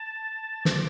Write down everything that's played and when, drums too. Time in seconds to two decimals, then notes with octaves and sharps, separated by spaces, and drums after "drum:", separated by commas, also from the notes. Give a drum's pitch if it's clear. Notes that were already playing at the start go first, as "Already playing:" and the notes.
Already playing: A5
0.65 C#5, drum: snare
0.73 D5